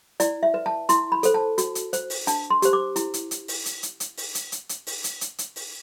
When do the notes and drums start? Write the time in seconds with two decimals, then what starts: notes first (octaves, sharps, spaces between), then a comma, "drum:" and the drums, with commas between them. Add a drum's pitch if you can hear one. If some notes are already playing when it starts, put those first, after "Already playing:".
0.20 E4 D5, drum: hi-hat
0.43 E5
0.54 B4
0.66 A5
0.89 E4 C6, drum: hi-hat
1.12 B5
1.23 A4 C5, drum: hi-hat
1.34 A5
1.58 F#4, drum: hi-hat
1.75 drum: hi-hat
1.93 C5, drum: hi-hat
2.10 drum: open hi-hat
2.27 D4 A5, drum: hi-hat
2.50 C6
2.62 G4 C5, drum: hi-hat
2.73 D6
2.96 E4, drum: hi-hat
3.14 drum: hi-hat
3.31 drum: hi-hat
3.48 drum: open hi-hat
3.66 drum: hi-hat
3.83 drum: hi-hat
4.00 drum: hi-hat
4.17 drum: open hi-hat
4.35 drum: hi-hat
4.52 drum: hi-hat
4.69 drum: hi-hat
4.87 drum: open hi-hat
5.04 drum: hi-hat
5.21 drum: hi-hat
5.38 drum: hi-hat
5.56 drum: open hi-hat